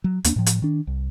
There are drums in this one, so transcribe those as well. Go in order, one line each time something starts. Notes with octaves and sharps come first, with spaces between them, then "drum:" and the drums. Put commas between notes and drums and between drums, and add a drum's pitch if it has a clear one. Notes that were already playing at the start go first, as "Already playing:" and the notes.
F#3
D#2 A#3 C4 D4, drum: hi-hat
A2 F3
drum: hi-hat
D#3 D4
C2